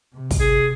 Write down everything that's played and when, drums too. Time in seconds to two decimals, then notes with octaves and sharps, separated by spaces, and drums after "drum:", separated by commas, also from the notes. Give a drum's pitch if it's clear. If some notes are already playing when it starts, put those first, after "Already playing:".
0.13 C3
0.31 drum: kick, open hi-hat
0.40 G#4